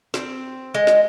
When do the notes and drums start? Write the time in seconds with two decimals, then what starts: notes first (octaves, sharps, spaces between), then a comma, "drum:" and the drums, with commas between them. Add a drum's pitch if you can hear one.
0.14 C4, drum: snare
0.74 G#3
0.87 drum: snare